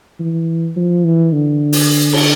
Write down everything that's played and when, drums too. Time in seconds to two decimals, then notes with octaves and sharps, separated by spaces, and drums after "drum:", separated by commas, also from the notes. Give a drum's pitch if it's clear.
0.20 E3
0.77 F3
1.05 E3
1.33 D3
1.73 drum: open hi-hat
2.13 drum: cymbal